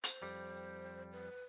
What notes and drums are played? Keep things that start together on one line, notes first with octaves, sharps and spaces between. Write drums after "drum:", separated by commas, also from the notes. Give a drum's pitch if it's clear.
C5, drum: hi-hat
F2 G3
B4